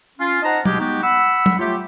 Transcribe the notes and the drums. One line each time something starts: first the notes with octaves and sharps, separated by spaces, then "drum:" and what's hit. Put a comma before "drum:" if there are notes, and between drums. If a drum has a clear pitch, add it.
C#4 F4
D#4 C5 D#5 F#5 A5 A#5
B2 G#3 G4, drum: tom F#3
G#3 B3 D#4 F#4 G4
F#5 B5 E6
drum: tom F#3
F#3 A3 F4 G4